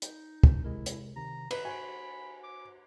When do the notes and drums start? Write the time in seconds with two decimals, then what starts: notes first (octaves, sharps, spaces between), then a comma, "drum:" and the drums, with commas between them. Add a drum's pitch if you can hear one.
0.02 D#4, drum: hi-hat
0.44 drum: kick
0.64 C3 G#3 E4 A#4
0.86 drum: hi-hat
1.16 C3 D#3 A#5
1.51 B4 A#5 B5, drum: cymbal
1.65 F#4 C5 G#5 B5
2.43 D6